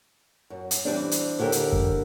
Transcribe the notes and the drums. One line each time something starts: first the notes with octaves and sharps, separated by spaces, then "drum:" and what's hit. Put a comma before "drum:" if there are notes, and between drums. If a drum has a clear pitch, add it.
F#2
drum: hi-hat
E3 G3 C4 D4
drum: hi-hat
D#2 D3 E4 G4 A#4
drum: hi-hat
drum: kick F2